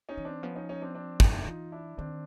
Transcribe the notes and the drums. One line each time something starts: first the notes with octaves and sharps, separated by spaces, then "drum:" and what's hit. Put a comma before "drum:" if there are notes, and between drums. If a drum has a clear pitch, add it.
C#4 D#4
E3
C4 D4
F3 B3 C#4
C#4 D#4
C#4 D#4
C4 D4
C4 D4
D4 E4, drum: kick
E3 D#4 F4
D4 E4
D#3 C4 D4